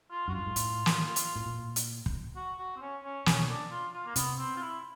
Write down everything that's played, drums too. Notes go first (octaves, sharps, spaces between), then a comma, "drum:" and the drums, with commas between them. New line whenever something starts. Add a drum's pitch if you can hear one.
F4
F#2 F#4
G2 F4
G#2
A2, drum: hi-hat
drum: snare
drum: hi-hat
A2
A#2
drum: hi-hat
drum: kick
F#4
F#4
C4
C#4
C#4
B2 C#4, drum: snare
D4
F4
F4
A#3
C3 B3, drum: hi-hat
C4
F4
E4